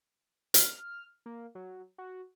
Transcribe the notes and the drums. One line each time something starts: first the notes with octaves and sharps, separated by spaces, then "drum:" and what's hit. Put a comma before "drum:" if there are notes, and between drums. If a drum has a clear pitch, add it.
F6, drum: hi-hat
A#3
F#3
F#4